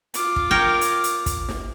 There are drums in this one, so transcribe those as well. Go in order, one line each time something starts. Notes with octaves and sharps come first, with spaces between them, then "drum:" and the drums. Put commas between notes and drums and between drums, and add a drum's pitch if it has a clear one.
F4 D6, drum: hi-hat
drum: kick
A#4 C#5 G5
drum: hi-hat
drum: hi-hat
drum: kick, hi-hat
drum: snare